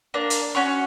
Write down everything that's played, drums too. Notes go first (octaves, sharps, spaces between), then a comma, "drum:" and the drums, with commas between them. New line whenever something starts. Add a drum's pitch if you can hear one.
A#3 D4
drum: hi-hat
C#4 F#4 C#5